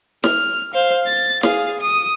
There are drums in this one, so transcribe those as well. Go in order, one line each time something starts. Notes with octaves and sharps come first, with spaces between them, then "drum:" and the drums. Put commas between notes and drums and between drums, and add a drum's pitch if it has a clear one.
F6, drum: snare
C5 F5
A6
G#4 F5, drum: snare
D#6